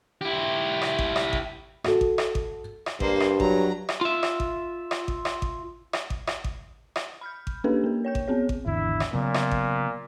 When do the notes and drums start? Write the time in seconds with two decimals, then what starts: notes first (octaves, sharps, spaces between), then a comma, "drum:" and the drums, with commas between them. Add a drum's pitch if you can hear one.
0.21 E4 G4
0.82 drum: rim click
0.99 drum: kick G#1
1.16 drum: rim click
1.33 drum: kick G#1
1.84 F#4 A4, drum: rim click
2.01 drum: kick G#1
2.18 drum: rim click
2.35 drum: kick G#1
2.86 drum: rim click
3.00 G2 A#3 C5, drum: kick G#1
3.20 drum: rim click
3.40 F#3 A#5, drum: kick G#1
3.89 drum: rim click
4.01 F4 E5
4.23 drum: rim click
4.40 drum: kick G#1
4.91 drum: rim click
5.08 drum: kick G#1
5.25 drum: rim click
5.42 drum: kick G#1
5.93 drum: rim click
6.10 drum: kick G#1
6.27 drum: rim click
6.44 drum: kick G#1
6.96 drum: rim click
7.21 B5 F6 G6
7.47 drum: kick G#1
7.64 A#3 C#4 D4 G4 A4 B4
7.84 A#3 A#4
8.05 C#5 G5 G6
8.15 drum: kick G#1
8.28 B3 C4 G#4 C#5
8.49 drum: kick G#1
8.66 G#1 E2 D3 E4
9.00 drum: rim click
9.13 A#2 C#3 F#3 B3
9.34 drum: rim click
9.51 drum: kick G#1